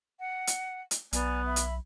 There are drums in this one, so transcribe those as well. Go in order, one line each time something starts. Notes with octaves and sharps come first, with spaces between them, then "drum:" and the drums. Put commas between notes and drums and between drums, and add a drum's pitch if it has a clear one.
F#5
drum: hi-hat
drum: hi-hat
B1 B3 D5 G#5 A#5, drum: hi-hat
E5 B5
drum: hi-hat